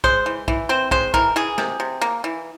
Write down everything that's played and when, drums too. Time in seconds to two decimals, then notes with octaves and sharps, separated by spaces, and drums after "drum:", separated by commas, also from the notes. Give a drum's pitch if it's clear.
0.04 G#3 C5, drum: kick
0.26 E3
0.48 E3, drum: kick
0.69 C4 C5
0.91 G#3 C5, drum: kick
1.14 E3 A#4, drum: kick
1.36 E3 G#4
1.58 C3, drum: snare
1.80 C3
2.01 A#3
2.24 E3